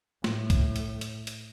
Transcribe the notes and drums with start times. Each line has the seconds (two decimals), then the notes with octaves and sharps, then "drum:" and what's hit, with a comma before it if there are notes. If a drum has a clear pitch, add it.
0.24 A2, drum: snare
0.50 drum: kick, hi-hat
0.76 drum: hi-hat
1.01 drum: hi-hat
1.27 drum: hi-hat